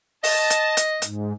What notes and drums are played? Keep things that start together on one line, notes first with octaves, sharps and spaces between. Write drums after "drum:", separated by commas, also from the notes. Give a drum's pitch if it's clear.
D#5 A5, drum: open hi-hat
drum: hi-hat
drum: hi-hat
G#2, drum: hi-hat